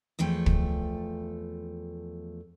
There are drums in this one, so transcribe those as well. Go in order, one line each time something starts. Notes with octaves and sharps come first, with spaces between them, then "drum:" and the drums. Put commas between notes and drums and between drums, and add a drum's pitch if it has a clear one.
E2 F3 A3 G5
drum: kick